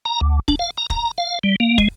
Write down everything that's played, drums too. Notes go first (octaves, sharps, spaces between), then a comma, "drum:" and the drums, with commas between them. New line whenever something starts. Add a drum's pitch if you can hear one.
A#5
D2
D4, drum: kick
F5
A#5
A#5, drum: kick
F5
G3
A#3
G#3, drum: kick